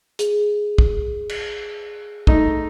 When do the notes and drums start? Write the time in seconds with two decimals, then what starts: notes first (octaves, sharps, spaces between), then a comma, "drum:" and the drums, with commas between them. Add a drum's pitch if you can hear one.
0.19 G#4, drum: hi-hat
0.78 drum: kick
1.29 drum: cymbal
2.27 A3 D#4, drum: kick